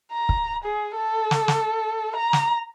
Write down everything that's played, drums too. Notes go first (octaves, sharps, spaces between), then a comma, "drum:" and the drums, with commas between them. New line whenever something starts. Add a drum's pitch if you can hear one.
A#5
drum: kick
G#4
A4
drum: snare
drum: snare
A#5
drum: snare